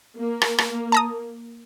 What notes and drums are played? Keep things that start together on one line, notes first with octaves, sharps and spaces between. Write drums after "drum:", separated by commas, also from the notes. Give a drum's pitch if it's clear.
A#3
drum: rim click
drum: rim click
A5 A#5 D#6